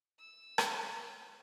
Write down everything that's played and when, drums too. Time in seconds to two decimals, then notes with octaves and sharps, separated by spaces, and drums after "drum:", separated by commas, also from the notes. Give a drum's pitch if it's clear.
0.19 E6
0.58 drum: rim click